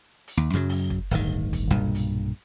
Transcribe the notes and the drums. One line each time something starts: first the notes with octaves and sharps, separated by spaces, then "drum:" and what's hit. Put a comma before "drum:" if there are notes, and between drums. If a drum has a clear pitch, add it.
drum: hi-hat
D#2
F#2 C#3 E3 F#3
drum: open hi-hat
drum: kick
D1 G1 D#3, drum: open hi-hat
drum: kick, hi-hat
B1 G2 A#2
drum: hi-hat